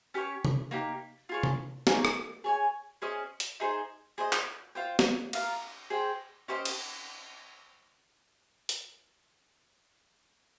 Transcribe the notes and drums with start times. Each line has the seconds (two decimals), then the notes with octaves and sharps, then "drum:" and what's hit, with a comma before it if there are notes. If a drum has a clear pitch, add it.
0.14 C#4 G4 A#4 C#5
0.45 drum: tom C3
0.71 A#3 D#4 G4
1.29 F4 G#4 C#5
1.43 drum: tom C3
1.87 A#3 D#4 G#4 C#5, drum: snare
2.05 drum: rim click
2.44 G#4 C#5 G#5
3.02 C#4 G#4 C5 D#5
3.40 drum: hi-hat
3.60 D#4 G#4 C5
4.18 G#4 C5 D#5
4.33 drum: clap
4.75 F4 C5 G5
4.99 drum: snare
5.33 F4 A#4 F5, drum: cymbal
5.90 G#4 C5 G5
6.48 C#4 G4 C5 D#5
6.65 drum: cymbal
8.69 drum: hi-hat